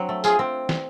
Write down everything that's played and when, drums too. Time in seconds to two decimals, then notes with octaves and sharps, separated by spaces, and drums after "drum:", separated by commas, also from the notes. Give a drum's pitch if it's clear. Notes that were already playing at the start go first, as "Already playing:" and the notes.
Already playing: F#3 C4 D4
0.09 A3
0.24 F4 G#4, drum: tambourine
0.39 C4
0.69 drum: snare